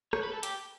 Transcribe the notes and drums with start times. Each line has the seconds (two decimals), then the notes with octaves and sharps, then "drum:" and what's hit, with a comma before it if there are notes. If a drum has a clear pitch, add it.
0.13 C#5, drum: rim click
0.23 B4
0.33 A4
0.43 G4, drum: hi-hat